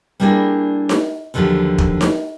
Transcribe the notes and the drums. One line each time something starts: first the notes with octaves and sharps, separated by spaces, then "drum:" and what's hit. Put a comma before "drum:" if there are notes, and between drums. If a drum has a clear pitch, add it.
G3 A#3 D4 E4 G#4 A#4
drum: snare D#4
D#2 D3 F3 F#3 F4 G4
drum: kick
drum: snare D#4